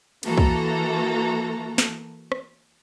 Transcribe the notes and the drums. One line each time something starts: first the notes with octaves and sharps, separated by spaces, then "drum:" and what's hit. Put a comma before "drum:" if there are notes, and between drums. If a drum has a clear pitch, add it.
E3 A#3 F#4 A4 A#5, drum: cymbal
drum: kick
drum: snare
drum: rim click